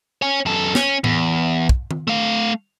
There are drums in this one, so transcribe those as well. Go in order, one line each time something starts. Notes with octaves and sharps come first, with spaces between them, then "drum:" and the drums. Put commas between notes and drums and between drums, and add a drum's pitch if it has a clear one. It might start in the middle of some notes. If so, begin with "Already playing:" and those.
C#5 G#5
F#2 A4
C#4, drum: snare
E2, drum: tom A2
drum: kick
drum: tom D#3
A3 F5